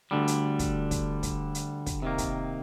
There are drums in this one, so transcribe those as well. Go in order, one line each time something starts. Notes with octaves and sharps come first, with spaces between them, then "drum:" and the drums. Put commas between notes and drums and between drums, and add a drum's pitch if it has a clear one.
D2 D3 G3
drum: hi-hat
drum: kick, hi-hat
drum: kick, hi-hat
drum: kick, hi-hat
drum: hi-hat
drum: kick, hi-hat
C3 D#3 A#3
drum: kick, hi-hat